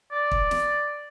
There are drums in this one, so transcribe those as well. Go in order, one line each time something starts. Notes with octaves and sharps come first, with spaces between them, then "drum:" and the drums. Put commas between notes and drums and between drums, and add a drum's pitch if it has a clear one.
D5
drum: kick
drum: snare